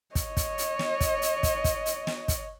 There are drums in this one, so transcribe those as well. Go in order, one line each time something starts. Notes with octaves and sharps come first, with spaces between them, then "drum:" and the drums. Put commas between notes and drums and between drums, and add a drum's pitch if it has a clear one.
C#5 D#5, drum: kick, hi-hat
drum: kick, hi-hat
drum: hi-hat
drum: snare
drum: kick, hi-hat
drum: hi-hat
drum: kick, hi-hat
drum: kick, hi-hat
drum: hi-hat
drum: snare
drum: kick, hi-hat